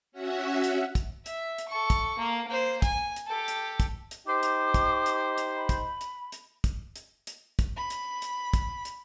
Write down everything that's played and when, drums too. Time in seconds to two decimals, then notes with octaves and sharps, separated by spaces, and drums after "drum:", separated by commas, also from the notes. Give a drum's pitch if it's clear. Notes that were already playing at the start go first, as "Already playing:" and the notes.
0.12 C#4 F#4 E5 F#5
0.64 drum: hi-hat
0.95 drum: kick, hi-hat
1.26 E5, drum: hi-hat
1.58 drum: hi-hat
1.68 A4 C#6
1.90 drum: kick, hi-hat
2.18 A#3
2.48 A#3 C5
2.82 G#5, drum: kick, hi-hat
3.16 drum: hi-hat
3.27 G4 A4
3.48 drum: hi-hat
3.80 drum: kick, hi-hat
4.11 drum: hi-hat
4.27 D#4 G4 C5 D6
4.43 drum: hi-hat
4.74 drum: kick, hi-hat
5.06 drum: hi-hat
5.38 drum: hi-hat
5.57 B5
5.69 drum: kick, hi-hat
6.01 drum: hi-hat
6.32 drum: hi-hat
6.64 drum: kick, hi-hat
6.96 drum: hi-hat
7.27 drum: hi-hat
7.59 drum: kick, hi-hat
7.77 B5
7.90 drum: hi-hat
8.22 drum: hi-hat
8.54 drum: kick, hi-hat
8.85 drum: hi-hat